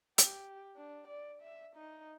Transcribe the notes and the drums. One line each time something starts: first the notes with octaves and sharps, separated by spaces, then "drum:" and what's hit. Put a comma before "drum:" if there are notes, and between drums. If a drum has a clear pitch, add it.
G4, drum: hi-hat
D4
D5
E5
D#4